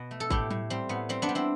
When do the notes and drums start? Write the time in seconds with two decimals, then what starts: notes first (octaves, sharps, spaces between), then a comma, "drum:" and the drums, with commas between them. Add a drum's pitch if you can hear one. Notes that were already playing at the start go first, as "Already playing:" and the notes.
Already playing: B2
0.11 A3
0.20 A4
0.30 A2 E4 G4, drum: kick G#1
0.50 A2, drum: tom
0.70 G3 C4
0.89 A2 B3
1.09 G3 C4
1.22 B3 D4
1.29 G3
1.35 C4 E4